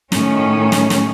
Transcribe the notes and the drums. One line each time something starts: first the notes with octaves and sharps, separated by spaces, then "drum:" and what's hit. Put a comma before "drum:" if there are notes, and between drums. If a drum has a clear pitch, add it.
A2 D#3 C#4, drum: snare
drum: snare
drum: snare